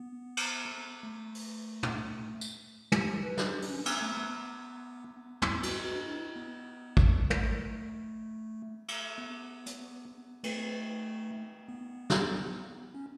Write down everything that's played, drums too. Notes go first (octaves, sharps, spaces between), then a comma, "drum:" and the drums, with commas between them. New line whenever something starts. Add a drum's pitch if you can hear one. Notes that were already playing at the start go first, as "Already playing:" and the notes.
Already playing: B3
drum: cymbal
A3
drum: open hi-hat
drum: tom
drum: tambourine
G4, drum: tom
B4
drum: snare
G4
D4, drum: open hi-hat
C#4
B3, drum: cymbal
A3
B3
E4, drum: tom
F#4, drum: cymbal
F#4
D4
E4
B3
drum: kick A1
A3, drum: tom
drum: cymbal
B3
drum: hi-hat
A3, drum: cymbal
B3
drum: snare
C#4